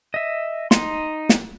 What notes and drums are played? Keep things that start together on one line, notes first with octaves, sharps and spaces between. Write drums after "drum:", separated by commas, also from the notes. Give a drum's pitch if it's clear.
D#5 E5
D#4 C6, drum: snare
drum: snare